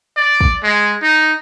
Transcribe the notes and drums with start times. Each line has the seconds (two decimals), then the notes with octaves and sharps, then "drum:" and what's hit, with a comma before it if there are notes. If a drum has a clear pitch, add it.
0.17 D5
0.41 drum: kick
0.63 G#3
1.02 D#4